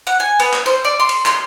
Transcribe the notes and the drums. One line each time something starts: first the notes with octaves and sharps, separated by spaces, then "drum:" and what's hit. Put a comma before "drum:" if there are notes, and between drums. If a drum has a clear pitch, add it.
F#5
G#5
B3, drum: cymbal
drum: clap
C5, drum: cymbal
D5
C6
drum: cymbal
C6, drum: clap